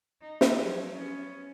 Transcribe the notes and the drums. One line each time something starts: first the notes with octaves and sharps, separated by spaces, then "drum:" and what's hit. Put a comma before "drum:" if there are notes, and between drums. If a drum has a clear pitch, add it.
D#4
drum: snare
F3 F#3
B3 C#4